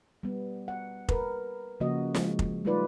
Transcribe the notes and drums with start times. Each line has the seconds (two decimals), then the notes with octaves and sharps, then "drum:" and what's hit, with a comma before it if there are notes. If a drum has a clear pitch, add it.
0.23 G3 B3
0.68 F#5
1.09 A#4 B4, drum: kick F1
1.80 C#3 F3 A#3 F#4 D#5
2.15 F3 G#3, drum: snare
2.39 drum: kick F1
2.65 G3 A3 D#4 F4 B4 D5